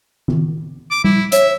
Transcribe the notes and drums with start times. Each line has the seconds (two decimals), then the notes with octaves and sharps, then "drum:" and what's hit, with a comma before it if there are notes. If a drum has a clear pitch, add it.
0.28 drum: tom D#3
0.91 D6
1.04 E4, drum: tom G3
1.32 C#5 E5, drum: hi-hat